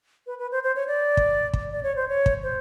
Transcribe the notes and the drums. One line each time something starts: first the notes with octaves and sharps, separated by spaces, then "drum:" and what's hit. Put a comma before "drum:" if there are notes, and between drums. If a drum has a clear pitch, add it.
B4
B4
C5
C5
C#5
D5
drum: kick
drum: kick
D5
C#5
C5
C#5
drum: kick
C5